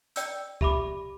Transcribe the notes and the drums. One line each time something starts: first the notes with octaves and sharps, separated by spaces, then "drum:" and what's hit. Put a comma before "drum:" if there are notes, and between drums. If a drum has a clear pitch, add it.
D5 G5 E6 G6, drum: hi-hat
G4 E5 B5 D6, drum: kick